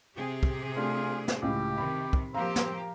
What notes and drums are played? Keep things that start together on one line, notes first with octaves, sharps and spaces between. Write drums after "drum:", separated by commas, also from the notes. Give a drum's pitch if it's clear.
C3 G4 G#4
drum: kick
A3 D4 F4 G#5
drum: snare
C#2 A2 G4
C3 D#3 B5
drum: kick
F3 A#3 C4 G4 F5 A#5
drum: snare